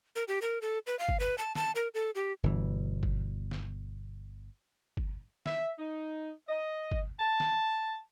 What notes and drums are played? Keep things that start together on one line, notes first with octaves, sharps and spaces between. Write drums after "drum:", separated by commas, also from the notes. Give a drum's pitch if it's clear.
A#4
G4
A#4
A4
B4
F5
drum: kick G1
B4
A5
A5, drum: snare
A#4
A4
G4
G1 B2 E3
drum: kick G1
drum: snare
drum: kick G1
E5, drum: snare
D#4
D#5
drum: kick G1
A5
drum: snare